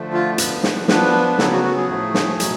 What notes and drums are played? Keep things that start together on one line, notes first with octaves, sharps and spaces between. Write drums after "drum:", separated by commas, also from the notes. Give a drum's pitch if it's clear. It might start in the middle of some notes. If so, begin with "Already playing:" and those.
Already playing: D3 F3 A3
F4
F3 B3 D4 B4, drum: hi-hat
drum: snare
F3 B3 D4 B4, drum: snare
B4
C#3 F#3 B3 A4, drum: snare
F#4
F#4
G#4
A2 F3 A3
drum: snare
B2 F#3 A3, drum: hi-hat